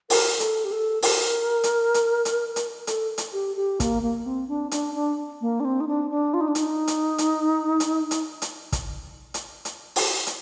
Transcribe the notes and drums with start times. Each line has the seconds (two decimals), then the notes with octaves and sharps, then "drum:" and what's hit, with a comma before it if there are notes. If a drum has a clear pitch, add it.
0.10 A#4, drum: open hi-hat
0.40 A4, drum: hi-hat
0.65 G4
0.72 A4
1.02 A#4, drum: open hi-hat
1.63 drum: hi-hat
1.94 drum: hi-hat
2.25 drum: hi-hat
2.56 drum: hi-hat
2.87 A4, drum: hi-hat
3.18 drum: hi-hat
3.33 G4
3.56 G4
3.80 A#3, drum: kick, hi-hat
4.02 A#3
4.26 C4
4.48 D4
4.71 D4, drum: hi-hat
4.95 D4
5.41 A#3
5.60 D4
5.65 C4
5.80 D#4
5.88 D4
6.10 D4
6.34 F4
6.41 D#4
6.48 D4
6.55 D#4, drum: hi-hat
6.88 drum: hi-hat
7.18 drum: hi-hat
7.80 drum: hi-hat
8.11 drum: hi-hat
8.42 drum: hi-hat
8.72 drum: kick, hi-hat
9.34 drum: hi-hat
9.65 drum: hi-hat
9.96 drum: open hi-hat
10.27 drum: hi-hat